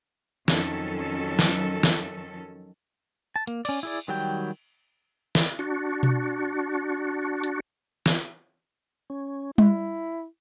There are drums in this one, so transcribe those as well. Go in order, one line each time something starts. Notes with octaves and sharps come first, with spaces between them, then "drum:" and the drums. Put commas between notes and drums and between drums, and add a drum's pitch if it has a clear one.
F2 D#3 F#3 C#4 A4, drum: snare
drum: snare
drum: snare
A5
A#3, drum: hi-hat
C#4 D5, drum: cymbal
E4 G#4 D5
D#3 F#3 G3 G4 G5
drum: snare
D4 F#4, drum: hi-hat
drum: tom B2
drum: hi-hat
drum: snare
C#4
E4, drum: tom G3